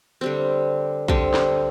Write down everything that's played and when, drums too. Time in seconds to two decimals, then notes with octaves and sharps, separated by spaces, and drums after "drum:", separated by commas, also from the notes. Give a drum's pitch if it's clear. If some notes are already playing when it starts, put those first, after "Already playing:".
0.21 D3 G3 C4
1.08 D3 G3 C4, drum: kick
1.34 drum: snare